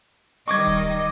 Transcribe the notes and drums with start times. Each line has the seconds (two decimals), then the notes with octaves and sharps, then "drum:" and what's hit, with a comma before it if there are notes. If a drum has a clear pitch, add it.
0.48 D#3 G3 D#5 C#6 D6 G#6
0.67 drum: kick D1, hi-hat